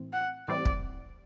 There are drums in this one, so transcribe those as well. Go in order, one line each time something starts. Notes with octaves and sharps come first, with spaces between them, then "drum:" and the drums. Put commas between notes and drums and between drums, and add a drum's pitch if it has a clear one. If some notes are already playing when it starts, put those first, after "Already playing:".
Already playing: A2 E3 C4
F#5
A2 E3 G3 C4 D5
drum: kick